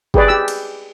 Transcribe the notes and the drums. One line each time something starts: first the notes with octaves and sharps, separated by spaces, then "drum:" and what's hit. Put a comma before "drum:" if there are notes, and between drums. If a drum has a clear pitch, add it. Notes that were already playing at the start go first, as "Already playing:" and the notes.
G4 G#4 B4 D5, drum: kick
G4 E6
drum: cymbal